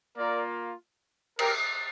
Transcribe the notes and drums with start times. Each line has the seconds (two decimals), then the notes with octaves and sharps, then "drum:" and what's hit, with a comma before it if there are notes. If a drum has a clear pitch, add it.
0.17 A#3 F4 A#4 D5
1.39 G4 A#4, drum: cymbal